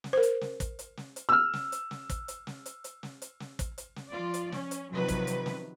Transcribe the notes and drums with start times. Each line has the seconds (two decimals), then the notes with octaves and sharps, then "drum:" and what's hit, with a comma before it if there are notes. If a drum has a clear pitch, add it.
0.04 drum: snare
0.13 A#4 C5
0.23 drum: hi-hat
0.41 drum: snare
0.60 drum: kick, hi-hat
0.79 drum: hi-hat
0.97 drum: snare
1.16 drum: hi-hat
1.29 E6 F6
1.53 drum: snare
1.72 drum: hi-hat
1.91 drum: snare
2.10 drum: kick, hi-hat
2.28 drum: hi-hat
2.47 drum: snare
2.66 drum: hi-hat
2.84 drum: hi-hat
3.03 drum: snare
3.22 drum: hi-hat
3.40 drum: snare
3.59 drum: kick, hi-hat
3.78 drum: hi-hat
3.96 drum: snare
4.11 F3 F4 D5
4.34 drum: hi-hat
4.52 C#4, drum: snare
4.71 drum: hi-hat
4.93 C3 D#3 F3 F#3 B4
5.08 drum: kick, hi-hat
5.27 drum: hi-hat
5.46 drum: snare